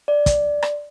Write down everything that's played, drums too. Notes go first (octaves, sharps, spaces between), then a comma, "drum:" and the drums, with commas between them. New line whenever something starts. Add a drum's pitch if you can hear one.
D5
drum: kick, hi-hat
drum: rim click